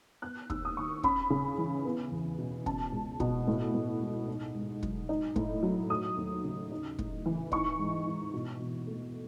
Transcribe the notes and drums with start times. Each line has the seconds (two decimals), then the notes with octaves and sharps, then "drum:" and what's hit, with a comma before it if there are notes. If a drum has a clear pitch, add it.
0.22 B3 F#6
0.50 D#2 E6, drum: kick
0.65 D#6
0.77 D#3 C#6
1.03 C#4 B5, drum: kick
1.30 C#3
1.58 E3
1.85 B3
2.12 E2
2.38 B2
2.66 C#4 A5, drum: kick
2.92 C#2
3.20 B2, drum: kick
3.48 A2
3.74 A2
4.01 G#3
4.28 D#4
4.55 G#2
4.83 F#3, drum: kick
5.09 D#4
5.36 A2, drum: kick
5.63 F#3
5.90 A3 D#6
6.17 D#2
6.44 C#3
6.71 D#4
6.99 A2, drum: kick
7.26 E3
7.52 D#4 C#6, drum: kick
7.79 G#2
8.06 E3
8.33 B2
8.60 B2
8.87 A3